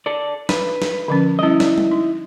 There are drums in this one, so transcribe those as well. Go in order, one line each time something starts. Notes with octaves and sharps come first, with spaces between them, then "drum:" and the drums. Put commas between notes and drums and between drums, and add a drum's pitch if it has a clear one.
A4 D5
B4, drum: snare
drum: snare
D3 F3 C#4
G3 C#4 E4 D#5
D5, drum: snare
drum: tom
D#4